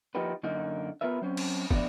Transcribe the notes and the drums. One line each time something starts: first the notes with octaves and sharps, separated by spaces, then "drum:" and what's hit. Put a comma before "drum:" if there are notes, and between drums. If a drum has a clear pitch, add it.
F3 A#3 D#4 F#4 G4 B4
F#2 D3 A#3 D#4 F#4
B3 F4 A#4 B4 E5
F#3 C4 C#4
drum: cymbal
F3 A3 B3 D4 F#4 D5, drum: kick